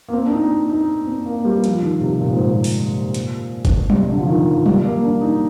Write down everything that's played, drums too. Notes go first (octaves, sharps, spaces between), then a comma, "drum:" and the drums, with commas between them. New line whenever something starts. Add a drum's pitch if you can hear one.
A#3
C4
D4
D#4
D#4
D#4
C4
A#3
G3
F3, drum: hi-hat
D#3
C3
A#2
G#2
A#2
drum: open hi-hat
drum: hi-hat
drum: kick G1, hi-hat
C3, drum: tom F#3
D3
F3
D#3
F3
G3, drum: tom F#3
A#3
D4
D#4